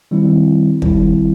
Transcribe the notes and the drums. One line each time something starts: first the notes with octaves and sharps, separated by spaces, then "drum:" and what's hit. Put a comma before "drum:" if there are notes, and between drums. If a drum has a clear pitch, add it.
D#3 G3 C4 E4
D#3 G3 C4 E4, drum: kick